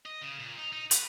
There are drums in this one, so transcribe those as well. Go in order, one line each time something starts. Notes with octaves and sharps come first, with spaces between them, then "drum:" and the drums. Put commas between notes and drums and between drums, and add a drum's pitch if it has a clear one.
D#5
C#3
A#2
D#4
D#4
B4, drum: hi-hat